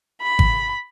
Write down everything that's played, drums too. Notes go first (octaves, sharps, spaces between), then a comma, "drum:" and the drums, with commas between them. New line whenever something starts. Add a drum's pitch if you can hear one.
B5
drum: kick G#1